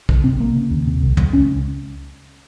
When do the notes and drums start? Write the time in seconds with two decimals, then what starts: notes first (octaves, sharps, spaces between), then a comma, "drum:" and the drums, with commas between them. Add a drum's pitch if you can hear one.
0.09 C3, drum: kick
0.24 C3 C4
0.40 C3 A#3
0.56 C#3
0.70 D#2
0.87 C3
1.02 C2
1.17 C#2, drum: tom
1.33 C#2 C#4